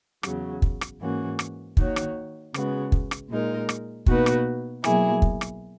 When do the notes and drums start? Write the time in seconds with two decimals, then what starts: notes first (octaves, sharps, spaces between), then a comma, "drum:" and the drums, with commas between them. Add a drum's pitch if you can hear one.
0.23 E2 C#3 F#3, drum: rim click
0.62 drum: kick
0.81 drum: rim click
1.00 G#2 E3 A#3 C#4 F#4
1.39 drum: rim click
1.77 D#3 A#3 D#4 F#4 C#5, drum: kick
1.96 drum: rim click
2.54 C#3 G#3 B3 F#4, drum: rim click
2.92 drum: kick
3.11 drum: rim click
3.30 A#2 G#3 D#4 A#4
3.69 drum: rim click
4.06 B2 A#3 D#4 F#4 B4, drum: kick
4.26 drum: rim click
4.84 B2 F#3 A#3 E4 G#4, drum: rim click
5.22 drum: kick
5.41 drum: rim click